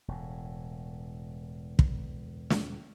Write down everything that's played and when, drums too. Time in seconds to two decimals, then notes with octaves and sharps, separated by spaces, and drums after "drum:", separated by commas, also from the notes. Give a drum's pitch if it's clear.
0.08 E1 A2
1.79 drum: kick
2.50 drum: snare